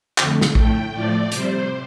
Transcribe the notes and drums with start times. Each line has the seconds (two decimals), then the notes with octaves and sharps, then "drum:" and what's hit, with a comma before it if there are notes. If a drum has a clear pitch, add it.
0.18 F2 D3 A3, drum: clap
0.41 drum: snare
0.55 A2 A3 G5, drum: kick A#1
0.93 A2 F3 A3 D5
1.32 C3 G3 C5, drum: hi-hat